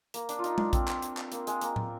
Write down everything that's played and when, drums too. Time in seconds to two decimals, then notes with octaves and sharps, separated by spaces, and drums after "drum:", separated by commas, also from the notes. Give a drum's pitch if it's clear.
0.14 A#3, drum: hi-hat
0.29 D4, drum: hi-hat
0.39 F4
0.44 D#4, drum: hi-hat
0.58 D4, drum: tom G#3
0.73 C4, drum: kick A#1, hi-hat
0.88 drum: clap
1.02 drum: hi-hat
1.17 drum: clap
1.32 A#3, drum: hi-hat
1.47 G#3, drum: hi-hat
1.61 A#3, drum: hi-hat
1.76 drum: tom A2